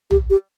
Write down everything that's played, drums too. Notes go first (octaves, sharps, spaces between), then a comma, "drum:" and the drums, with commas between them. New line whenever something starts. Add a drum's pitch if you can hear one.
G4, drum: tom
G4